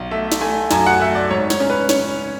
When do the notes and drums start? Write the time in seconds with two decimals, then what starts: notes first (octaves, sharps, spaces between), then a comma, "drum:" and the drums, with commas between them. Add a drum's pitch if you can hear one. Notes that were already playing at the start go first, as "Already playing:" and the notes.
Already playing: B1
0.11 A3 E5
0.32 drum: snare
0.41 A3 G#5
0.71 F#2 G#5, drum: snare
0.87 F#5
1.00 A3 E5
1.15 D5
1.30 G#2 C#5
1.50 C#5, drum: snare
1.60 C#4
1.70 B4
1.89 C#4 C#5, drum: snare